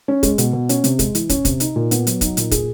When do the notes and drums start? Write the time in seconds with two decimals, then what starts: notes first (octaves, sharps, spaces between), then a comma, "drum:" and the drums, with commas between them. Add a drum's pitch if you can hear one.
0.08 C#4
0.23 G#3, drum: kick, hi-hat
0.38 B2, drum: hi-hat
0.53 B2
0.69 C#4, drum: hi-hat
0.84 C3, drum: hi-hat
0.99 G#3, drum: kick, hi-hat
1.15 E3, drum: hi-hat
1.29 C#4, drum: kick, hi-hat
1.45 C3, drum: kick, hi-hat
1.60 D#4, drum: hi-hat
1.76 A#2
1.91 B3, drum: hi-hat
2.07 F#3, drum: hi-hat
2.21 D#4, drum: kick, hi-hat
2.37 A#2, drum: hi-hat
2.51 G#4, drum: kick, hi-hat